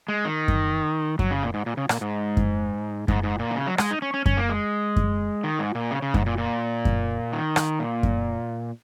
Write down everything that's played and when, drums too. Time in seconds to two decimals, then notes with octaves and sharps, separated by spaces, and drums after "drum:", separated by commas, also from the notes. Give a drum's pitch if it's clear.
0.08 G#3
0.25 D#3
0.48 drum: kick F#2
1.19 F#3, drum: kick F#2
1.31 C#3
1.43 A#2
1.54 G#2
1.66 A#2
1.77 C#3
1.89 A#2, drum: rim click
2.01 G#2
2.37 drum: kick F#2
3.08 G#2, drum: kick F#2
3.23 G#2
3.39 A#2
3.51 D#3
3.55 C#3
3.67 F#3
3.78 G#3, drum: rim click
3.91 D#4
4.02 C#4
4.14 C#4
4.26 C#4, drum: kick F#2
4.37 A#3
4.49 G#3
4.96 drum: kick F#2
5.44 D#3
5.59 G#2
5.75 A#2
5.91 C#3
6.02 C#3
6.14 G#2, drum: kick F#2
6.26 A#2
6.38 A#2
6.85 drum: kick F#2
7.32 D#3
7.56 drum: rim click
7.79 A#2
8.03 drum: kick F#2